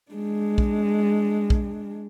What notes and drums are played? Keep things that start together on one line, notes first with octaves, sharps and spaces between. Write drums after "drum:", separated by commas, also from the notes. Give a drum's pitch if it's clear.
G#3 D4
drum: kick
drum: kick